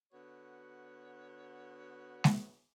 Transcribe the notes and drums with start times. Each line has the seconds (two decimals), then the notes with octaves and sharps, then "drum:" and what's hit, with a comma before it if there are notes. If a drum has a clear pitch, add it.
0.12 D3 B3 F#4 C#5
2.24 drum: snare G#3